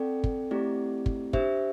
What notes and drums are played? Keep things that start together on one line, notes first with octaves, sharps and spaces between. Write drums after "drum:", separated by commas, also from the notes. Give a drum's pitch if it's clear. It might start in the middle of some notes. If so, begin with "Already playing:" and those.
Already playing: C4 A4 D5 G5
drum: kick
A3 C4 E4 G4 D5
drum: kick
D4 G4 C5 E5, drum: kick